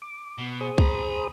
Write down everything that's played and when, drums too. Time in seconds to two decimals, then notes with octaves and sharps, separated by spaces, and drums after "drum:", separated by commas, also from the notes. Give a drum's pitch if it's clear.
0.02 D6
0.38 B2
0.61 G#4 C5 D#6
0.78 A#5 B5, drum: kick